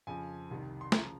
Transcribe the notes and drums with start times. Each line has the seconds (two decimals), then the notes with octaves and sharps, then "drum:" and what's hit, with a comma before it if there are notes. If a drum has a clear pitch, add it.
0.07 F2 C#3 F3 G#5
0.50 C2 C3 D#3
0.81 C6
0.92 C#3 F3 A#5, drum: snare